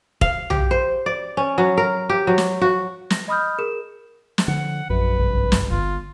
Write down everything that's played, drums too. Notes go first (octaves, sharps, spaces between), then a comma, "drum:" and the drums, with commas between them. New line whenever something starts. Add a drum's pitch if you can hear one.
F5, drum: kick F1
G4, drum: tom B1
C5
D5
C#4
F#3
A#4
G4
F#3
drum: snare
F#4
A#6, drum: snare
D#5 B5 D#6 F6 G6
G#4 A#4 E7
drum: snare
D3 F3 F#5
A#1 F#2 B4
F#1 C2 G2
drum: snare
G1 F4